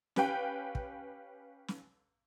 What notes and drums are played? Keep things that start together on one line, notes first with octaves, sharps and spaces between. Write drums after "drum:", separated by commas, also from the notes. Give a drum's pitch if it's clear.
C#4 G4 B4 F5 G5, drum: snare
drum: kick
drum: snare